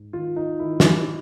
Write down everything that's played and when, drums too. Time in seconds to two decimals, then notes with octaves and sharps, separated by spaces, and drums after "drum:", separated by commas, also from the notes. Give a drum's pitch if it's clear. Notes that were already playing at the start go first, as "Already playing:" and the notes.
Already playing: G#2
0.13 D#3 F4
0.36 D#4
0.59 D#3 E4
0.80 drum: snare